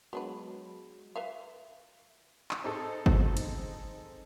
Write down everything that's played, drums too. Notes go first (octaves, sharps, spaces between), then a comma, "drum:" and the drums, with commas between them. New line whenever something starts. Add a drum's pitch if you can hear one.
F#3 G#3 B3 D4 B4
B4 E5 F5
drum: clap
C4 D#4 G#4 A4
drum: kick G1
drum: cymbal